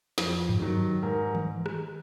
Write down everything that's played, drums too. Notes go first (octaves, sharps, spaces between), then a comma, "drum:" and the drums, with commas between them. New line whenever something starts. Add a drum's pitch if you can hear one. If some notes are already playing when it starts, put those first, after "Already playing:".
F2, drum: snare
drum: tom G2
D#3 F#3
G#2 A#4
drum: tom D#3
drum: rim click